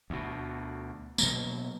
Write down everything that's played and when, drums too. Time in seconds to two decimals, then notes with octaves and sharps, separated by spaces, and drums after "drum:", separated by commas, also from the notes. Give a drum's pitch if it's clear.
0.10 D2 B2
1.18 B2 F#3 A#3, drum: tambourine